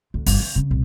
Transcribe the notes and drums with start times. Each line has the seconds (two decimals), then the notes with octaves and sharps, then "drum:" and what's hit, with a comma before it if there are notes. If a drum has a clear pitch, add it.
0.14 D2
0.26 G1, drum: open hi-hat
0.40 D3
0.55 C#3 C#4
0.71 C2 A#2